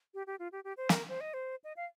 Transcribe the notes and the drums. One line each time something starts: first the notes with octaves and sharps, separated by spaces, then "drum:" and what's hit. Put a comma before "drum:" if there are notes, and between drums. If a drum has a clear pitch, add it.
G4
G4
F4
G4
G4
C5
A#4, drum: snare
C5
D#5
C5
D#5
F5